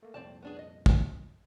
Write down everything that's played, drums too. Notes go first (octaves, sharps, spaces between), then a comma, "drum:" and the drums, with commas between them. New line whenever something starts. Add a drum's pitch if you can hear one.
A3 A#3
C2 F2 A#2 C4 D5 A5
B3 D4 G#4
D#5
drum: kick